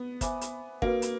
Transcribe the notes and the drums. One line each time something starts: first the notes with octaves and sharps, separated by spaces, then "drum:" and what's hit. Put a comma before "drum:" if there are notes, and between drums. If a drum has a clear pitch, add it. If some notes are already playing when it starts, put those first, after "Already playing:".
Already playing: B3
C5 E5 G#5 B5 D6, drum: kick, hi-hat
drum: hi-hat
A#3 D4 F#4 B4, drum: kick
drum: hi-hat